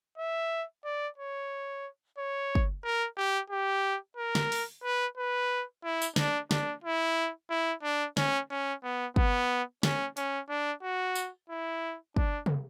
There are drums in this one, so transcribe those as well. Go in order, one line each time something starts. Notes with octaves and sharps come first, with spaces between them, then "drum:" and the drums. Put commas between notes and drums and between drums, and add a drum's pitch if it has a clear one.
E5
D5
C#5
C#5
drum: kick
A#4
G4
G4
A#4
drum: snare
drum: open hi-hat
B4
B4
E4
drum: tambourine
D4, drum: snare
D4, drum: snare
E4
E4
D4
C#4, drum: snare
C#4
B3
B3, drum: kick
C#4, drum: snare
C#4, drum: hi-hat
D4
F#4
drum: tambourine
E4
D4, drum: kick
drum: tom C3